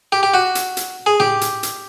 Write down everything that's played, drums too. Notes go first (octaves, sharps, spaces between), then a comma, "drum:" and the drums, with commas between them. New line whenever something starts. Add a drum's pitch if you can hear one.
G4
G4
F#4
drum: hi-hat
drum: hi-hat
G#4
G4, drum: tom A2
drum: hi-hat
drum: hi-hat